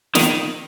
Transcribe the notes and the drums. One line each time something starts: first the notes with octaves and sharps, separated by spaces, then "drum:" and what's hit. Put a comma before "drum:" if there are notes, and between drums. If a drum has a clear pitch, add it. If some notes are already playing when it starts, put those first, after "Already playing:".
D#3, drum: snare